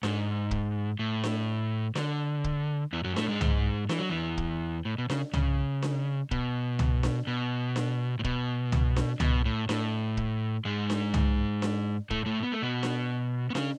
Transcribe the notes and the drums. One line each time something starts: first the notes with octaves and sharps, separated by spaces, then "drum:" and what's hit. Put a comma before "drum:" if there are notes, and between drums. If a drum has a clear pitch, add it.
G#2, drum: snare D4
drum: kick
A2
drum: snare D4
D3, drum: snare D4
drum: kick
E2 E3
F#2 F#3
A2 A3, drum: snare D4
G#2 G#3
drum: tom
E3, drum: snare D4
F#3
E2 E3
drum: kick
A2
B2
C#3, drum: snare D4
C#3, drum: tom
drum: snare D4
B2, drum: kick
drum: tom
drum: snare D4
B2
drum: snare D4
A2
B2, drum: kick
drum: tom
drum: snare D4
B2, drum: tom
A2
A2, drum: snare D4
drum: kick
G#2 G#3
drum: snare D4
drum: tom
drum: snare D4
A2 A3, drum: kick
A2 A3
B3
A3
B2 B3
drum: snare D4
B3
C#3 C#4, drum: snare D4